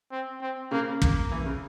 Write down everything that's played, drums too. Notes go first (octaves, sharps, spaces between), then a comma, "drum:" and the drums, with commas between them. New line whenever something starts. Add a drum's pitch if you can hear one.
C4
C4
C#3 A#3
A#3, drum: kick
E3
C#3